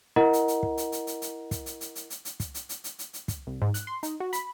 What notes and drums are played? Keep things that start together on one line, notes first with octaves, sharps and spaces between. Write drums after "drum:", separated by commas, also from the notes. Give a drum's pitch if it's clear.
E4 A#4 D#5 F#5 A#5
drum: hi-hat
drum: hi-hat
drum: kick
drum: hi-hat
drum: hi-hat
drum: hi-hat
drum: hi-hat
drum: kick, hi-hat
drum: hi-hat
drum: hi-hat
drum: hi-hat
drum: hi-hat
drum: hi-hat
drum: kick, hi-hat
drum: hi-hat
drum: hi-hat
drum: hi-hat
drum: hi-hat
drum: hi-hat
drum: kick, hi-hat
C2
G#2
F#6, drum: hi-hat
C6
D#4, drum: hi-hat
F#4
B5, drum: hi-hat